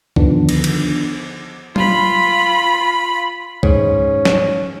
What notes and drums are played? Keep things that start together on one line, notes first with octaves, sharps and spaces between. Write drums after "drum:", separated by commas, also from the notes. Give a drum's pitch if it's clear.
D3 D#3 F3 B3 D4, drum: kick
drum: cymbal
drum: cymbal
F4 B5, drum: tom F#3
G#2 C#4, drum: kick
drum: snare